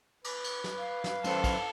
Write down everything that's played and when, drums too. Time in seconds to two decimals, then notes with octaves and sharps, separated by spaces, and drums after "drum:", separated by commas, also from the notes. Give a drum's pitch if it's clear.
0.24 B4, drum: cymbal
0.44 drum: cymbal
0.64 drum: snare
0.78 F5
1.04 drum: snare
1.24 F#2 C#4 A4 C5, drum: cymbal
1.44 drum: kick, cymbal